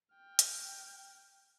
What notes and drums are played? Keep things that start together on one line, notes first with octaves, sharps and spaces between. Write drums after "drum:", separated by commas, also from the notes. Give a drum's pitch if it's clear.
G5 F6
drum: hi-hat